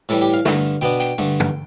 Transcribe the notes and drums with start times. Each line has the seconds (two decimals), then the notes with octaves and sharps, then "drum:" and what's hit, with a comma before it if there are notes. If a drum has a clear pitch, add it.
0.09 A2 E3 G3 A4
0.22 G4
0.34 F5
0.45 G2 D3 A3, drum: snare
0.81 B2 B3 D4 G5
1.00 G5, drum: hi-hat
1.18 G2 D3 A3
1.40 drum: tom